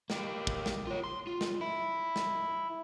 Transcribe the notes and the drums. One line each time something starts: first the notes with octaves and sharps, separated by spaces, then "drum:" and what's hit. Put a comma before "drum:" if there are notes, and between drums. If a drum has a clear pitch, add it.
A#3 G4, drum: snare
drum: kick
drum: snare
F4 C#5
C6
F4
drum: snare
E4
drum: snare